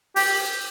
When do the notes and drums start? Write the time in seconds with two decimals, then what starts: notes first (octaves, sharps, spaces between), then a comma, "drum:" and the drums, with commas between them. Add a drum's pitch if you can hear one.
0.16 G4, drum: open hi-hat